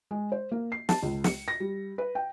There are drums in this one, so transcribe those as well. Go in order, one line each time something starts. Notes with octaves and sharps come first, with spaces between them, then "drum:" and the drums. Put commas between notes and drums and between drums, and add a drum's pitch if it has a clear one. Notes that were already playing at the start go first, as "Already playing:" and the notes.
G#3
C5
A#3
C7
A5, drum: snare
C#2
C#7, drum: snare
A#6
G3
B4
G5